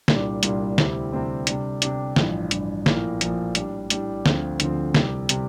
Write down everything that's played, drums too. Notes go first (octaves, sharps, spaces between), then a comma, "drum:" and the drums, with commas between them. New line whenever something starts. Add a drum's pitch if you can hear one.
C2 A#2 G3 D4, drum: snare
C2 A#2 G3 D4, drum: hi-hat
D2 C3 G3 C4 E4, drum: snare
D2 C3 G3 C4 E4
C3 G3 D4, drum: hi-hat
C3 G3 D4, drum: hi-hat
A1 G2 F3, drum: snare
A1 G2 F3, drum: hi-hat
A#1 A2 F3 A#3, drum: snare
A#1 A2 F3 A#3, drum: hi-hat
A2 G3 D4, drum: hi-hat
A2 G3 D4, drum: hi-hat
D2 D3 F3 C4, drum: snare
D2 D3 F3 C4, drum: hi-hat
C2 C3 G3, drum: snare
C3 G3, drum: hi-hat